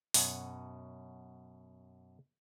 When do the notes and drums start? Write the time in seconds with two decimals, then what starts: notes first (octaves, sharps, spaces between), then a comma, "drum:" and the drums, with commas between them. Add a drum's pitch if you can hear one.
0.14 F#2 B2 F#5 G#5, drum: open hi-hat